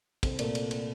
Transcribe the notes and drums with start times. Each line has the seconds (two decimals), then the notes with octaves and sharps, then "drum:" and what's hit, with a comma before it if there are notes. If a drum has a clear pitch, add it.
0.23 C2 A4 C5, drum: kick, cymbal
0.39 A#2 A3 A#4 D5, drum: cymbal
0.55 drum: cymbal
0.71 drum: cymbal